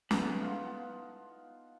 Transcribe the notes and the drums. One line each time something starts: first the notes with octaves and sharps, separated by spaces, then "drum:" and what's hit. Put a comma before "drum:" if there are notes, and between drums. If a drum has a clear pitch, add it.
B3 D#4 E4 A4, drum: snare
F4 F5 F#5